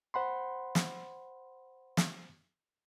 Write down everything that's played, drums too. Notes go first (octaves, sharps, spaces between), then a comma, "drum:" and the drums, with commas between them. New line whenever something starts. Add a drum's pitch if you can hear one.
C5 F#5 B5 C6
drum: snare
drum: snare